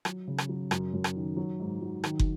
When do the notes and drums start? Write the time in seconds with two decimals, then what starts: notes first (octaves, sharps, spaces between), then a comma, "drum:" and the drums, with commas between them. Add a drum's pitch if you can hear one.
0.05 F#3, drum: rim click
0.28 C#3
0.38 drum: rim click
0.49 F#3
0.71 F#2, drum: rim click
0.93 F#2
1.04 drum: rim click
1.16 D#3
1.37 F#3
1.60 G#2
1.81 F#3
2.04 D#3, drum: rim click
2.19 drum: kick